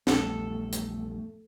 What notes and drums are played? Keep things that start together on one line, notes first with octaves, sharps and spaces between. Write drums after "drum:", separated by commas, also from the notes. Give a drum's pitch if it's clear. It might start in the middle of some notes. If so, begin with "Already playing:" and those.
A#1 E2 G2 A3 A4, drum: snare
drum: hi-hat